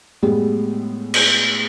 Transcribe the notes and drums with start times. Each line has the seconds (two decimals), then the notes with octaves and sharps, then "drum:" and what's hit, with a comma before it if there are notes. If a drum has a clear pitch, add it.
0.23 A2 G3 G#3 B3
1.14 drum: cymbal